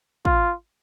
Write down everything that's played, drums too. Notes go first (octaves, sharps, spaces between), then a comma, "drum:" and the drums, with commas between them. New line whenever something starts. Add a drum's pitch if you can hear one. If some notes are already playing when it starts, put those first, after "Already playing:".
F4, drum: kick